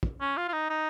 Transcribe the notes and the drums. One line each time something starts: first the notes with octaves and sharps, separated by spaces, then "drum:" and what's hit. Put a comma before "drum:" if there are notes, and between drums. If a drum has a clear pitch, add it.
drum: kick
C#4
F4
F4
D#4
D#4